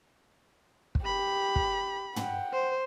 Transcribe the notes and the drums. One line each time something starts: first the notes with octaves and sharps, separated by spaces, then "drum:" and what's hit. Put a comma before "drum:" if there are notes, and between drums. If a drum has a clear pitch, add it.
drum: kick
G4 B5
drum: kick
F#5 G5, drum: tom
C5